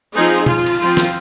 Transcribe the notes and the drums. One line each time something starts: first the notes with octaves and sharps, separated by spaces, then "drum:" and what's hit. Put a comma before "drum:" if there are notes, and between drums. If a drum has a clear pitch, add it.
F3 C4 D#4 G#4
F4, drum: tom B2
drum: cymbal
F3 C4 F4
drum: snare